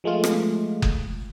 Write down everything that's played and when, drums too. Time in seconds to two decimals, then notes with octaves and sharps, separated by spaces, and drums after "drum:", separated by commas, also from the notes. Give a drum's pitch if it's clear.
0.04 F3 G#3 A3 F4
0.24 drum: rim click
0.82 drum: kick F#1